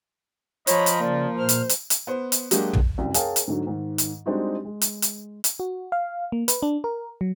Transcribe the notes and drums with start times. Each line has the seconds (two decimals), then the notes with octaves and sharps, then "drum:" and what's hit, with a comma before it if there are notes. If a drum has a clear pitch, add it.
0.67 F3 C#5 D#5 A#5 B5, drum: hi-hat
0.86 drum: hi-hat
1.00 C#3 A#3 D5
1.38 A#2 C5 F6
1.49 drum: hi-hat
1.69 drum: hi-hat
1.90 drum: hi-hat
2.07 B3 C5
2.32 drum: hi-hat
2.51 F#3 G#3 A#3 D4 F#4 G4, drum: hi-hat
2.73 drum: tom
2.98 F1 C2 F#2
3.14 G#4 A#4 C#5 F5 G5 A5, drum: hi-hat
3.36 drum: hi-hat
3.47 G#2 D3 F#3
3.67 G#2 D#3
3.98 drum: hi-hat
4.26 G3 G#3 C4 D4 D#4 F#4
4.65 G#3
4.81 drum: hi-hat
5.02 drum: hi-hat
5.44 drum: hi-hat
5.60 F#4
5.92 F5
6.32 A#3
6.48 B4, drum: hi-hat
6.63 D4
6.84 A#4
7.21 F#3